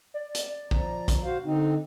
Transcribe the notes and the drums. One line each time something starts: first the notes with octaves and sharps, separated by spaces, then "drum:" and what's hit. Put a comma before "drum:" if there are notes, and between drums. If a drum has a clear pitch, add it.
D5
drum: hi-hat
F3 A#5, drum: kick
drum: kick, hi-hat
F#4 C5 F5
D3 C4 D#4